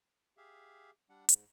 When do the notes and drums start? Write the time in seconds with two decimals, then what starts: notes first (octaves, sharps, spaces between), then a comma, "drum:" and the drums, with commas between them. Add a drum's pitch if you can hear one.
0.37 G4 G#4 E5 F5
1.10 G3 D4 F#5
1.29 G#2, drum: hi-hat